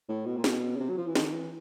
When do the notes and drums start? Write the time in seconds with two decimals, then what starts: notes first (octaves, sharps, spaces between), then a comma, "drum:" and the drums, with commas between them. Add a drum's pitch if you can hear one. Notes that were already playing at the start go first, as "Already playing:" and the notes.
0.09 A2
0.26 B2
0.37 A#2
0.44 B2, drum: snare
0.76 C#3
0.80 C3
0.89 F#3
0.98 F3
1.07 E3
1.15 D#3, drum: snare
1.33 E3